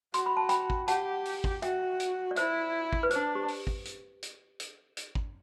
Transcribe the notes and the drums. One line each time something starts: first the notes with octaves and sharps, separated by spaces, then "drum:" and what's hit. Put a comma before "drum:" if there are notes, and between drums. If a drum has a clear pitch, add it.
F#4 C6, drum: hi-hat
B5
A5
G5 B5, drum: hi-hat
drum: kick
G4 F#5 A5, drum: hi-hat
drum: open hi-hat
drum: kick
F#4 E5 G5, drum: hi-hat
drum: hi-hat
D5
E4 C5 E5, drum: hi-hat
drum: kick
B4
D4 C5, drum: hi-hat
G4
drum: open hi-hat
drum: kick
drum: hi-hat
drum: hi-hat
drum: hi-hat
drum: hi-hat
drum: kick